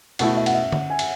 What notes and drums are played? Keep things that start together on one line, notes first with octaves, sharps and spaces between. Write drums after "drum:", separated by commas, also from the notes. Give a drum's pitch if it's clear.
B2 A3 E4 F#5, drum: cymbal
E5
F#5, drum: cymbal
E5
drum: tom D3
G#5
drum: cymbal